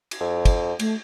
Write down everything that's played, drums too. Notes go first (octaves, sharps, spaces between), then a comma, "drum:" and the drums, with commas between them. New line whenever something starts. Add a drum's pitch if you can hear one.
drum: cymbal
F2
drum: kick, cymbal
A3, drum: cymbal